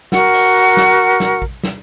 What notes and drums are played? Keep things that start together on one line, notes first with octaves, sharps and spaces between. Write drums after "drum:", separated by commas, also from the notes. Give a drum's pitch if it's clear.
F#4 A#4 F#5, drum: snare
drum: open hi-hat
drum: snare
drum: snare
drum: kick
drum: snare